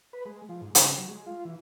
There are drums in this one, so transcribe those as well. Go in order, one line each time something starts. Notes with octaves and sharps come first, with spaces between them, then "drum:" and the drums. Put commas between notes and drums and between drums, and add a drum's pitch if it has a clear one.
B4
G#3
F3
G#2
C#3, drum: hi-hat
F#3
G#3
F4
E3